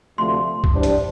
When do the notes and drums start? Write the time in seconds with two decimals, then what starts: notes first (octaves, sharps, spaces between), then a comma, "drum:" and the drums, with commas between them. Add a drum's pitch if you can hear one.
0.17 D2 C3 F3 A3 C6
0.64 drum: kick
0.73 E3 G3 D4 G4 C5
0.83 drum: hi-hat